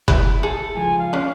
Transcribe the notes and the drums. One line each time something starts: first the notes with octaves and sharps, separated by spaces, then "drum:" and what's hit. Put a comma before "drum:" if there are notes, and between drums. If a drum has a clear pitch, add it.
E4 B4 E5, drum: kick F#1
G#4 A4
C#2 F3 G#5
F5
C#4 D4